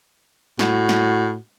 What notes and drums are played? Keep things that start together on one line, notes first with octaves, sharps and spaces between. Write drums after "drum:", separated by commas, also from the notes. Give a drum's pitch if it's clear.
A2 F#4, drum: snare
drum: snare